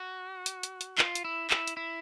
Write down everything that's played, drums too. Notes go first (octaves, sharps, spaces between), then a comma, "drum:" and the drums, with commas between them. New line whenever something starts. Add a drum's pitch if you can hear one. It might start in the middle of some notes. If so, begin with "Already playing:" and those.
Already playing: F#4
drum: hi-hat
drum: hi-hat
drum: hi-hat
F4, drum: clap
drum: hi-hat
E4
E4, drum: clap
drum: hi-hat
E4